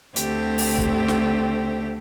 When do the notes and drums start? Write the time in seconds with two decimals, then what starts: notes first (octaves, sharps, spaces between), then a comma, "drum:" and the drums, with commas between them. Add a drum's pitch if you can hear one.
0.16 D2 D3 A3 C4 G4, drum: hi-hat
0.58 drum: open hi-hat
0.78 drum: kick
1.08 drum: snare